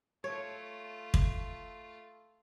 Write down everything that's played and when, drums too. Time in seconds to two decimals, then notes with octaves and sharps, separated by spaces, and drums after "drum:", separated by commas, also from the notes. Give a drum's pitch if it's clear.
0.24 A3 F4 C#5
1.14 drum: kick